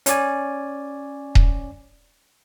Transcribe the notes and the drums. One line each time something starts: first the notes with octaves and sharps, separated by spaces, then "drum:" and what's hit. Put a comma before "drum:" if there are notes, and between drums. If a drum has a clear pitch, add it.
C#4 C#5 D5 G#5, drum: hi-hat
drum: kick D#1